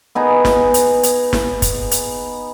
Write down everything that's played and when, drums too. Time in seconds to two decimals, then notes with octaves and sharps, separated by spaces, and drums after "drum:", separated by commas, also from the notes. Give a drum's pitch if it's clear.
0.15 B3 D#4 G#4
0.45 drum: snare
0.74 drum: hi-hat
1.03 drum: hi-hat
1.33 drum: snare
1.62 drum: kick, hi-hat
1.91 drum: hi-hat